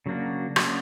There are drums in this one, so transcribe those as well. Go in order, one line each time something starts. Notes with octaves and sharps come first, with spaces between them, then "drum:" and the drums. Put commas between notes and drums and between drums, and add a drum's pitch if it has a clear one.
C#3 F#3 A#3 D4 F#4
C#3 F#3 A#3 D4 F#4, drum: rim click